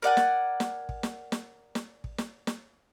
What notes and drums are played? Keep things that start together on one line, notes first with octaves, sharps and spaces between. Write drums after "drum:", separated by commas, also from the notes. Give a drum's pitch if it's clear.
A#4 D5 F#5 G#5
drum: snare
drum: snare
drum: kick
drum: snare
drum: snare
drum: snare
drum: kick
drum: snare
drum: snare